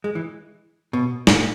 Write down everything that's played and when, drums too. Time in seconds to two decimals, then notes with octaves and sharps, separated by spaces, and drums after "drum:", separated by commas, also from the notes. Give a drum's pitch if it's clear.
0.04 G#3
0.15 E3
0.93 B2
1.27 A2, drum: snare